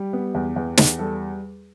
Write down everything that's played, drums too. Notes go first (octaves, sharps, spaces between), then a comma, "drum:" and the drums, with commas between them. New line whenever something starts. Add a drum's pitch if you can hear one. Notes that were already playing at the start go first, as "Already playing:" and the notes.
Already playing: G3 G4
B3
E2
E2
E2, drum: snare
G3 A4